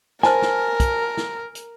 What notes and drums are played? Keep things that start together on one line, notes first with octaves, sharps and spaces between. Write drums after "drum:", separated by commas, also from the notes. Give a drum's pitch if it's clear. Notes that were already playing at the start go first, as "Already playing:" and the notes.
A#4 C5 G#5 A5 F6, drum: snare
drum: snare
drum: kick, hi-hat
drum: snare
drum: hi-hat